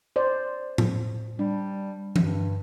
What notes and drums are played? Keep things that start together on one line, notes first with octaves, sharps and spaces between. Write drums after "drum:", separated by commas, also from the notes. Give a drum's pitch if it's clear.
C5 D5
drum: tom A2
G3 D4
G2, drum: tom E3